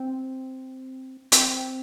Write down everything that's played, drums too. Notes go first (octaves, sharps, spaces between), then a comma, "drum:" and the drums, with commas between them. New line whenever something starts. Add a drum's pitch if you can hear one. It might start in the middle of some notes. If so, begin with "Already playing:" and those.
Already playing: C4
C4, drum: hi-hat